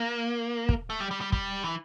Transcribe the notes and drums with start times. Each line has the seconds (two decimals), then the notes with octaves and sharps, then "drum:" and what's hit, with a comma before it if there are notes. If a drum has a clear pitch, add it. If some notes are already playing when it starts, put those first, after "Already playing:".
Already playing: A#3
0.69 drum: kick
0.90 A3
1.00 G3
1.11 G3
1.21 G3
1.32 G3, drum: kick
1.64 E3